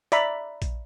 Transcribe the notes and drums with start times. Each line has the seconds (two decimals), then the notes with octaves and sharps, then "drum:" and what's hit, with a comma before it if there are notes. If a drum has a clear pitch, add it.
0.12 D5 E5 A#5 B5, drum: hi-hat
0.62 drum: kick A#1, hi-hat